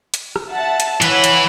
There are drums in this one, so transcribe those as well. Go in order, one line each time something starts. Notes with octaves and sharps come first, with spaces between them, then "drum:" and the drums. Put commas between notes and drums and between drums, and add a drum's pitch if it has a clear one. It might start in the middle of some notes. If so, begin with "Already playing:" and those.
drum: hi-hat
drum: rim click
E5 F#5 A5
drum: hi-hat
E3 B4 C#5 F5 F#5, drum: hi-hat
drum: hi-hat